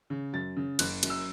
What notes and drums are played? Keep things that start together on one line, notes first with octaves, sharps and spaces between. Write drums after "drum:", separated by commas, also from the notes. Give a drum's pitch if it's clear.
C#3
F#2 A6
C#3
F#1 F#6, drum: cymbal
F#2, drum: cymbal
E6